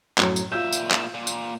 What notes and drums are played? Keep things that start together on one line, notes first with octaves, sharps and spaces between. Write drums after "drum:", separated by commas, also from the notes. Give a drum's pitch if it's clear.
F#2 A2 F#3, drum: clap
drum: tambourine
A#2 F4 E5 E6 G6
drum: tambourine
drum: clap
A#2
drum: tambourine